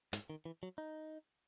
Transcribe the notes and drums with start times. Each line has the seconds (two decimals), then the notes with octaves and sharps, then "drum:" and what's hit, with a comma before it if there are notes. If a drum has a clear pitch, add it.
0.13 G#2, drum: hi-hat
0.30 D#3
0.45 E3
0.63 F#3
0.78 D#4